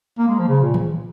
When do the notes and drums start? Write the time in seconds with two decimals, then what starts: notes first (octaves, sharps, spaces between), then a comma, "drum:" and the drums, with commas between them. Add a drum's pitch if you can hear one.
0.19 A#3
0.28 G#3
0.39 F3
0.48 C#3
0.62 A#2
0.74 drum: tom D#3